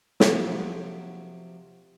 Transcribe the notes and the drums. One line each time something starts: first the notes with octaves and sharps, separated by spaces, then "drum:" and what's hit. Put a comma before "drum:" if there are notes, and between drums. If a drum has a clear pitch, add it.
C3 F3 F#3, drum: snare